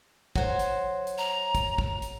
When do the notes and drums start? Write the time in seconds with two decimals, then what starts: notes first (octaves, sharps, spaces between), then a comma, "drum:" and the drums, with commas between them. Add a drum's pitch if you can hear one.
0.36 F#3 C5, drum: kick
0.59 drum: hi-hat
1.07 drum: hi-hat
1.18 A#5
1.55 drum: kick, hi-hat
1.78 drum: kick
2.02 drum: hi-hat